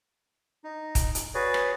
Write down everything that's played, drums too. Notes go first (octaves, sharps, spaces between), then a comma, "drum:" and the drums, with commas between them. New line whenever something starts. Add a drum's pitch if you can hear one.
D#4
drum: kick, hi-hat
drum: hi-hat
F#4 G#4 B4 C#5 D5
drum: rim click